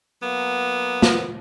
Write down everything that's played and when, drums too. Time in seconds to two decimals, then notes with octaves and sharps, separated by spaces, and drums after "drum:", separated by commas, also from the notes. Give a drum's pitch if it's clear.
0.22 F#3 A#3 B3
1.02 drum: snare